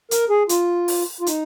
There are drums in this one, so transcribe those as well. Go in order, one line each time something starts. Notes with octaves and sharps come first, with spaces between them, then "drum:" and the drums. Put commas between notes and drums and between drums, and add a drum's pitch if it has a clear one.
A#4, drum: hi-hat
G#4
F4, drum: hi-hat
drum: open hi-hat
F4
D#4, drum: hi-hat